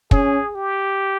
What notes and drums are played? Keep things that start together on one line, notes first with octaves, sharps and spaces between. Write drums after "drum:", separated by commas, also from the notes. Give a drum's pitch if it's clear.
C#4 G#4, drum: kick
G4